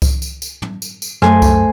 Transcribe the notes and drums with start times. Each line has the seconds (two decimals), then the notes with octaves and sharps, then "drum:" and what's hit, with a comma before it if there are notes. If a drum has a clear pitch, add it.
0.02 drum: kick C2, tambourine
0.22 drum: tambourine
0.42 drum: tambourine
0.62 drum: tom
0.82 drum: tambourine
1.02 drum: tambourine
1.22 F#2 A3 C5 G#5, drum: rim click
1.42 drum: kick C2, tambourine